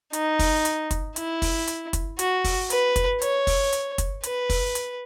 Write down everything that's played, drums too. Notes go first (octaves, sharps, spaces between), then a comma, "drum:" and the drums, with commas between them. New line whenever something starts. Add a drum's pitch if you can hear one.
D#4, drum: hi-hat
drum: kick, open hi-hat
drum: hi-hat
drum: kick, hi-hat
E4, drum: hi-hat
drum: kick, open hi-hat
drum: hi-hat
drum: kick, hi-hat
F#4, drum: hi-hat
drum: kick, open hi-hat
B4, drum: hi-hat
drum: kick, hi-hat
C#5, drum: hi-hat
drum: kick, open hi-hat
drum: hi-hat
drum: kick, hi-hat
B4, drum: hi-hat
drum: kick, open hi-hat
drum: hi-hat